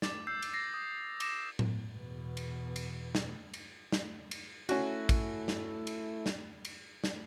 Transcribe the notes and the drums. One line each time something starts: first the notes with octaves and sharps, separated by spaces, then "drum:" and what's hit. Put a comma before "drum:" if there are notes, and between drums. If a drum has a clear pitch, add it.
D6 A6, drum: snare
E6 G6 C7
drum: cymbal
A6 A#6 C7
D#6
D6 A#6 E7, drum: cymbal
drum: tom A2
E2 B2
drum: cymbal
drum: cymbal
drum: snare
drum: cymbal
drum: snare
drum: cymbal
A3 C#4 E4 F#4, drum: cymbal
drum: kick, cymbal
drum: snare
drum: cymbal
drum: snare
drum: cymbal
drum: snare